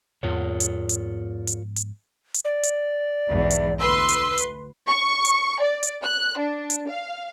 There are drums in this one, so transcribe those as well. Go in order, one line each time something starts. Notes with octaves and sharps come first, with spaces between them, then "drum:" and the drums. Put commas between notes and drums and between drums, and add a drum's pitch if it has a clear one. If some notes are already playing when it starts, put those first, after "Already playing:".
E2 G#2 F3 B3 F4 A#4 C#5
drum: hi-hat
drum: hi-hat
drum: hi-hat
drum: hi-hat
drum: hi-hat
D5
drum: hi-hat
B1 E2 G#2
drum: hi-hat
D2 B4 C6 E6
drum: hi-hat
drum: hi-hat
C#6
drum: hi-hat
D5
drum: hi-hat
F#6
D4
drum: hi-hat
F5